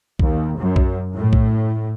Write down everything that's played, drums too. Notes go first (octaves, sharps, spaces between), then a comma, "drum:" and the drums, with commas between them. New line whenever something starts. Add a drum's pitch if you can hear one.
D#2, drum: kick
F#2
drum: kick
A2
drum: kick